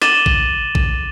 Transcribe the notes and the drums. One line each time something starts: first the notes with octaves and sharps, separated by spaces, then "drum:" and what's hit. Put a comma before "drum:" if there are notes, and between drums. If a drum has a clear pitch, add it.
D6 A6 D#7 E7 F#7 G7, drum: snare
drum: kick A1
drum: kick A1